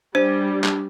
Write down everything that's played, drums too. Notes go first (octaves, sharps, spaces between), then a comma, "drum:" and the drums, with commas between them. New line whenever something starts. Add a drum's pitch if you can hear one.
G3 D4 C5
drum: clap